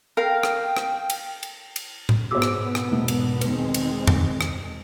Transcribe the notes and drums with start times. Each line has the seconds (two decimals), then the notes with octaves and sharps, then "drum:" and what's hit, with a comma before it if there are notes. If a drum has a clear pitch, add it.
0.17 A#4 F5 G5
0.43 drum: rim click
0.77 drum: rim click
1.10 drum: cymbal
1.43 drum: cymbal
1.76 drum: cymbal
2.09 drum: tom A2
2.31 G#2 B2 B3 F#4 G#4 C5 D6 E6
2.42 drum: rim click
2.75 drum: rim click
2.92 E1
3.08 drum: cymbal
3.41 D#3 G#3 C4 B4, drum: cymbal
3.74 drum: cymbal
4.07 drum: tom
4.41 drum: rim click